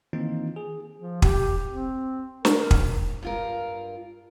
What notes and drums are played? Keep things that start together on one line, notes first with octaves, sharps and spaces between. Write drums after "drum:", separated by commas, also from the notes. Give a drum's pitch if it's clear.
D#3 E3 A#3 C4 D#4 F4
G#4
F3
G4, drum: kick
C4
A#4, drum: snare
drum: kick
G2 F4 A#4